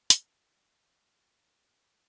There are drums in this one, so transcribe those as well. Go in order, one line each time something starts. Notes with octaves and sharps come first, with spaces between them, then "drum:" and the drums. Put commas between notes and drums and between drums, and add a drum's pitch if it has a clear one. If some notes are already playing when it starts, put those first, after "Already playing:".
A4 F#5, drum: hi-hat